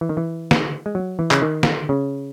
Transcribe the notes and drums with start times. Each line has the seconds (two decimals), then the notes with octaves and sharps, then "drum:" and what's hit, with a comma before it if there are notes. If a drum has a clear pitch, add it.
0.01 E3
0.09 D#3
0.17 E3
0.51 drum: snare
0.86 G#3
0.95 F#3
1.19 E3
1.31 C#3, drum: clap
1.42 D#3
1.63 drum: snare
1.89 C#3